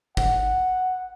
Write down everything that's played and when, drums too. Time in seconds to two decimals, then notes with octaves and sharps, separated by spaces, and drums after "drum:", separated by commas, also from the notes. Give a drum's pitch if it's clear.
0.17 F#5, drum: kick